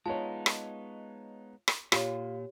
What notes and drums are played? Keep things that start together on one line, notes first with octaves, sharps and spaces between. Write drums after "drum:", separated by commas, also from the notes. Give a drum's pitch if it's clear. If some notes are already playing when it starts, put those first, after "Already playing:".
G#3 B3 D#4 F4 C#5 A5
drum: rim click
drum: rim click
A#2 F4 G4 C#5, drum: rim click